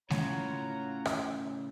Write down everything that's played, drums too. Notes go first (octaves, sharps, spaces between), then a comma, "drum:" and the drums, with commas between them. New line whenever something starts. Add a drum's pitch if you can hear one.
A2 C#3 F4 C#5 F#5 A#5, drum: snare G#3
drum: rim click